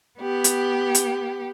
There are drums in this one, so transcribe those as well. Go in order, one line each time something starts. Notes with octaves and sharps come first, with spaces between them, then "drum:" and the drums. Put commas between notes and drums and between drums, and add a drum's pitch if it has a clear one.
B3 G4
drum: hi-hat
drum: hi-hat